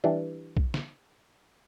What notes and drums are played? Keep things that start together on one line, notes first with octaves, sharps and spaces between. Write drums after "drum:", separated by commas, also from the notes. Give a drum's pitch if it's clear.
E3 G3 D4
drum: kick
drum: snare